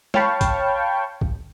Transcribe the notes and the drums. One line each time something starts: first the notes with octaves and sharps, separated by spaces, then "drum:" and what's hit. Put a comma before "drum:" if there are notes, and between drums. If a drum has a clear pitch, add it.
C#5 F5 G5 A5 B5 C#6, drum: snare
drum: kick B1, hi-hat
drum: kick B1